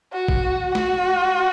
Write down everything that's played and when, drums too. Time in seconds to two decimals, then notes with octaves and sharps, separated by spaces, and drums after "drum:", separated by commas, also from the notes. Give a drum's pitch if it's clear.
0.13 F#4
0.28 drum: kick
0.75 F#4, drum: snare